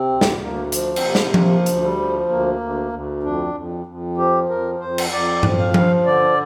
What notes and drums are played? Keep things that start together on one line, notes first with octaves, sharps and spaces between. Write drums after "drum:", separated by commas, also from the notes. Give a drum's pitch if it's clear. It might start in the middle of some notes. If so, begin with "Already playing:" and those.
Already playing: C3 C4
D2
drum: snare
D2 A#3
F3, drum: hi-hat
C4, drum: cymbal
C3 A#3
drum: snare
F3 A#3, drum: tom F3
D2, drum: hi-hat
G3
F3
D2 A#3
D2
D2
F2 D4
F2
F2
F3 G4
F2 A#4
F2 C5
drum: cymbal
F2 D5
F3, drum: tom G2
F5
F3, drum: tom F3
D3 D5